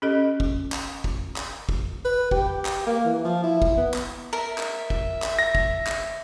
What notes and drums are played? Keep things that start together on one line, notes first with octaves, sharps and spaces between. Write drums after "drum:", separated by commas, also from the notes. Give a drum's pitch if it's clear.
C#4 G4 A4 D#5
drum: kick
drum: clap
drum: kick
drum: clap
drum: kick
B4
G4, drum: kick
drum: clap
A#3
E3
F3
E4
drum: kick
B3
drum: clap
A#4 E5
drum: clap
drum: kick
drum: clap
A#6
drum: kick
drum: clap